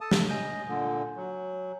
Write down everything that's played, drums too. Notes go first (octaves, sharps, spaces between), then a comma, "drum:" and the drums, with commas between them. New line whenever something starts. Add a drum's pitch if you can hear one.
A4 A5 D#6
drum: snare
D#5 G#5 G6
A#2 D3
F#3